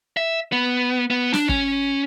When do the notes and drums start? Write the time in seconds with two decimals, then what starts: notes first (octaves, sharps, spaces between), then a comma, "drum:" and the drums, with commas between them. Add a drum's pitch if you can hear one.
0.17 E5
0.52 B3
1.10 B3
1.33 D4, drum: snare
1.49 C#4, drum: kick